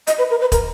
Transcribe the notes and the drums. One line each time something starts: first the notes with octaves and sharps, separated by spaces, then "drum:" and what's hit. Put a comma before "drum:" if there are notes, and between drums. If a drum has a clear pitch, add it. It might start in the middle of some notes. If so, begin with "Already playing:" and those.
D#5, drum: hi-hat
B4
A#4
B4
A#4, drum: kick, hi-hat